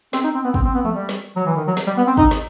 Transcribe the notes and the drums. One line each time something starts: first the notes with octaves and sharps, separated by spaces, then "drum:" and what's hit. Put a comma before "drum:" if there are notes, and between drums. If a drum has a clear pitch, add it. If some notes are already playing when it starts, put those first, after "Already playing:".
C4, drum: snare
D#4
C4
B3
C4, drum: kick
C4
B3
A3, drum: tom E3
G3
drum: snare
F#3
E3
D#3
F#3
drum: snare
G3
B3
C4
D#4, drum: kick
drum: snare